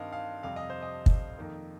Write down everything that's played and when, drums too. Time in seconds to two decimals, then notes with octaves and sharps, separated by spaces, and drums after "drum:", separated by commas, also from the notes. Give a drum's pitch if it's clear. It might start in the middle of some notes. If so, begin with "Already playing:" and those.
Already playing: G2 D#3 C4 D#5 F5
0.13 F5
0.43 F2 C3 G3 F5
0.56 D#5
0.70 C5
0.83 D#5
1.06 drum: kick
1.38 F2 D#3 A#3 D#4